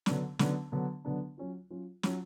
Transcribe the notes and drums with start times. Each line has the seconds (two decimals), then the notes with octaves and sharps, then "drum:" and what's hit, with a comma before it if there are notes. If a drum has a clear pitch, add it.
0.06 D3 F#3 B3 D4, drum: snare
0.39 D3 F#3 B3 D4, drum: snare
0.72 D3 F#3 B3 D4
1.05 D3 F#3 B3 D4
1.37 F#3 C#4 F4
1.70 F#3 C#4 F4
2.03 F#3 C#4 F4, drum: snare